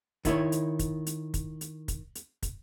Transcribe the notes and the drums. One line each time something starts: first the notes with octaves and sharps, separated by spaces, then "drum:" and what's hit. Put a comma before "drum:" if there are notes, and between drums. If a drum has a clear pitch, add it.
D#3 E4 C#5, drum: kick, hi-hat
drum: hi-hat
drum: kick, hi-hat
drum: hi-hat
drum: kick, hi-hat
drum: hi-hat
drum: kick, hi-hat
drum: hi-hat
drum: kick, hi-hat